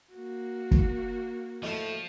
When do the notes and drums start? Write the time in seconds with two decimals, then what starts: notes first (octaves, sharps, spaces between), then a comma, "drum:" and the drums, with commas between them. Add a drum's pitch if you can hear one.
0.13 A#3 F#4
0.71 drum: kick
1.63 A2 F3 A3 D#5